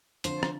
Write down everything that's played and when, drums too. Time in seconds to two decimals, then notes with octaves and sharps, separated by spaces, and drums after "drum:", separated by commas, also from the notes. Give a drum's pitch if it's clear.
0.24 D3 F3 C4 C5, drum: hi-hat
0.43 drum: rim click